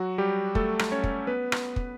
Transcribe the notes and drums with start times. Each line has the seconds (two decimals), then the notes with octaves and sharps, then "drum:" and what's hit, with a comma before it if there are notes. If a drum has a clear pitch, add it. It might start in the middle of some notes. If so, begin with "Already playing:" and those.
Already playing: F#3 F#4
0.18 G3 G4
0.55 A3 A4, drum: kick
0.79 drum: rim click
0.92 C#4 C#5
1.04 drum: kick
1.27 B3 B4
1.52 drum: rim click
1.76 drum: kick